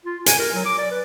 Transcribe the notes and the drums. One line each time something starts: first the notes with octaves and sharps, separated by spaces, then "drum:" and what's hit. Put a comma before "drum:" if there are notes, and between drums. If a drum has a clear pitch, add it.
F4
G#5, drum: hi-hat
A#4
F#3
D6
D5
B4